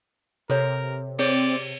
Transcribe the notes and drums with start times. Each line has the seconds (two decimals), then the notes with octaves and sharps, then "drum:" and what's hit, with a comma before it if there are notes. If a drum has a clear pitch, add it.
0.50 C3 A4 A#4 C#5
1.19 C4 G#4 C#5 D5, drum: cymbal